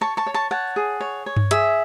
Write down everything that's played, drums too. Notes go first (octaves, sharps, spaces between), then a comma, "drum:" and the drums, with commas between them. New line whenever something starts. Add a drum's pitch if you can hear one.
C#5 A5 C#6
A5 C#6
C#5
A5 C#6
C#5 F#5 A5
G#4
C#5
C#5
drum: tom G2
G#4 E5, drum: hi-hat